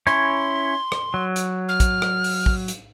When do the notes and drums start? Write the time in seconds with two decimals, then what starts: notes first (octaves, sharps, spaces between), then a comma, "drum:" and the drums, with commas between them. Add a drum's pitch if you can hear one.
0.07 C#4 E4 C#5 C6
0.92 drum: rim click
1.14 F#3
1.36 drum: hi-hat
1.68 F6
1.80 drum: kick, hi-hat
2.02 drum: rim click
2.24 drum: open hi-hat
2.46 drum: kick
2.68 drum: hi-hat